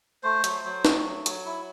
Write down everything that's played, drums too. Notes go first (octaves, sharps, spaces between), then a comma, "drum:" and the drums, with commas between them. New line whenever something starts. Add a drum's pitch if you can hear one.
A3 C5
F#3, drum: hi-hat
F#3
A3, drum: snare
F#3
F#3, drum: hi-hat
E4